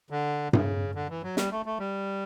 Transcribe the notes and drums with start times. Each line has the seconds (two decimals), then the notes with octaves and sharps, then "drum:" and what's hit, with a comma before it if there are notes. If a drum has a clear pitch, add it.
0.10 D3
0.53 C#3, drum: tom G2
0.95 D3
1.09 E3
1.23 F#3
1.37 G3, drum: snare
1.52 A3
1.66 A3
1.79 G3